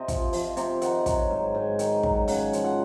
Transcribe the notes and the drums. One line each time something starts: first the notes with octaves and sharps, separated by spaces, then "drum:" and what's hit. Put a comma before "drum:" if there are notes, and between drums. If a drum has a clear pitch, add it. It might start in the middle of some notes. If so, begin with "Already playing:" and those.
Already playing: C3 D#5
F3, drum: kick, hi-hat
F3, drum: open hi-hat
C3, drum: hi-hat
D#3 F#5, drum: hi-hat
F#3, drum: kick, hi-hat
G#2
G#2
D#3, drum: hi-hat
F#3, drum: kick
C#3 F#5, drum: open hi-hat
F3, drum: hi-hat
F#5